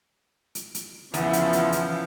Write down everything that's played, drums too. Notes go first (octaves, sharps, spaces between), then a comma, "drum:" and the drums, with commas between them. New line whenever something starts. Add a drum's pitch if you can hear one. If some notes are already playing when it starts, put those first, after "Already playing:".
drum: hi-hat
drum: hi-hat
E2 C#3 F3 B3 E4, drum: hi-hat
drum: hi-hat
drum: hi-hat
drum: hi-hat